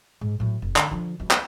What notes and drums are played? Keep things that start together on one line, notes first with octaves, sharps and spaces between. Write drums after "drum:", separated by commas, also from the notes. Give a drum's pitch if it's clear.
G#2
A2 F#3
F1
D3, drum: clap
D3 F3
C#2 F#3
drum: clap